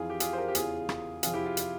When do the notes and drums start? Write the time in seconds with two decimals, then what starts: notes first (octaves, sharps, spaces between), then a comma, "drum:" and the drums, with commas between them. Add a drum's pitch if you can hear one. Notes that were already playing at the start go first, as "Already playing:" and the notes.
Already playing: F2 E3 F4 G#4
0.10 G4
0.20 F4 G#4, drum: hi-hat
0.33 C5
0.38 G4 A#4
0.48 G4
0.55 E2 C#3 E3 F4 G#4, drum: hi-hat
0.89 drum: rim click
1.23 F2 C3 F3 F4 G#4, drum: hi-hat
1.34 E4 G4
1.46 F4
1.57 drum: hi-hat